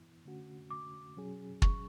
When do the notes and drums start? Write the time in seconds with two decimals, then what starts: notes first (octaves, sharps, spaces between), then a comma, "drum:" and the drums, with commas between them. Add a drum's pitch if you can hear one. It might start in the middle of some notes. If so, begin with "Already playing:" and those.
Already playing: E3 B3 E4
0.25 D3 A3 C#4 F#4
0.70 D6
1.16 B2 F#3 C#4 G#4
1.62 C#6, drum: kick